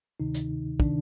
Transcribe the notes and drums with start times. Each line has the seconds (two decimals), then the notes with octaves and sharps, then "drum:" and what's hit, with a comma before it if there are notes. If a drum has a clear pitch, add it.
0.20 D2 C3 D#3 D#4
0.34 drum: hi-hat
0.80 C3 D#3 D4, drum: kick